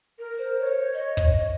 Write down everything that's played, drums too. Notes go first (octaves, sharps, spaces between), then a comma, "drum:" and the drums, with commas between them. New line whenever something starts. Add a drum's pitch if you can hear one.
A#4
C5
C#5
D#5
drum: kick